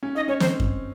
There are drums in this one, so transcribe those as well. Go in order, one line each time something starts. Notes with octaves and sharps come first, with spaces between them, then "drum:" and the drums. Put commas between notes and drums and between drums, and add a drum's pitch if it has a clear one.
C#4
D#4 D#5
C#4 C#5
C4 C5, drum: snare
drum: kick F#2